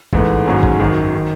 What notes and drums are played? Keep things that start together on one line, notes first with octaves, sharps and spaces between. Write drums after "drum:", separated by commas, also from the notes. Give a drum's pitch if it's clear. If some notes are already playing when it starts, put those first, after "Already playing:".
A1 G#2 E3 A3, drum: kick A1
G#1 G#2 F#3 C#4
drum: kick A1
G#1 F#2 D#3 F#3
D#3